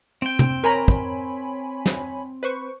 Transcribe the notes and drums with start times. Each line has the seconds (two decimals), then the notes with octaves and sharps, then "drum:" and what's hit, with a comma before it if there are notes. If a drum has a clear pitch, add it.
0.22 C4 G5
0.39 drum: tom
0.64 A#4 C#5 G#5 A#5 B5
0.88 drum: kick
1.86 drum: snare
2.43 B4 C5 C#6